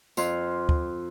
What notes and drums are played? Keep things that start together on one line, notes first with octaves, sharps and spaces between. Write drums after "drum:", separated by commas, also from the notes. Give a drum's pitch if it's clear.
F2 F5 C6, drum: tambourine
drum: kick D2